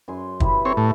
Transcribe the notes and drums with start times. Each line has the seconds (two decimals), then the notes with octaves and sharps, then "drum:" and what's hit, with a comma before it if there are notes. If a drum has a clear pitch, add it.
0.08 F#2 G#5 C6
0.40 E4 G4 B4, drum: kick
0.65 C4 A4 C#5
0.77 A2